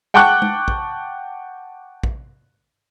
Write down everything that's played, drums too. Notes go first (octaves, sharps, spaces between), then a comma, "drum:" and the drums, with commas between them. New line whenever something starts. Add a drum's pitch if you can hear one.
F#5 G5 A5 C#6 D6 F#6
drum: tom G#3
drum: kick
drum: kick